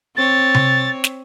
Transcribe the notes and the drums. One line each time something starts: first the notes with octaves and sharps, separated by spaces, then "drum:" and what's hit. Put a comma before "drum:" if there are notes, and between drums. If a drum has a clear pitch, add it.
C4 C#5 A6
drum: tom C3
drum: snare